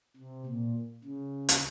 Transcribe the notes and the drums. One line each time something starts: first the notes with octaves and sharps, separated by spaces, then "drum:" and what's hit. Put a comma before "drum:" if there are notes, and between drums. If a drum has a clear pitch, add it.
C3
A#2
C#3
drum: hi-hat